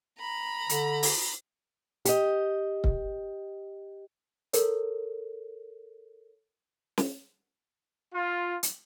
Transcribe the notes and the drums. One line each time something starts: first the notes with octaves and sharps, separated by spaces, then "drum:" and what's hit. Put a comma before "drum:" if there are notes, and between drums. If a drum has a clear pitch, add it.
A#5 B5
D3, drum: hi-hat
drum: open hi-hat
G4 D#5, drum: hi-hat
drum: kick C#1
A4 A#4 C#5, drum: hi-hat
drum: snare
F4
drum: hi-hat